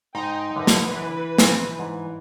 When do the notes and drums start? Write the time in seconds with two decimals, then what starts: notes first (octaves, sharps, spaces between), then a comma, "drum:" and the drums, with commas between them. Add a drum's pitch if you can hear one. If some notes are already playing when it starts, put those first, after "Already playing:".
0.15 G#2 D#4 G5 C6
0.56 F#2 D3 B4
0.67 drum: snare
0.91 E3
1.38 A#2 C4 D5, drum: snare
1.79 G#2